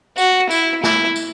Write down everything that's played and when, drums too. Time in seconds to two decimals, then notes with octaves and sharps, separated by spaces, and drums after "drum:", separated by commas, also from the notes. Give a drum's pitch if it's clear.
0.18 F#4, drum: tambourine
0.51 E4, drum: tambourine
0.84 E4, drum: snare
1.16 drum: tambourine